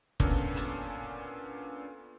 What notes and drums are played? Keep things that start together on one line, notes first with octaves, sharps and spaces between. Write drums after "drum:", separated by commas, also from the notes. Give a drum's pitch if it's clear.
A#2 B3 C#4 D4 A4 A#4, drum: kick
drum: hi-hat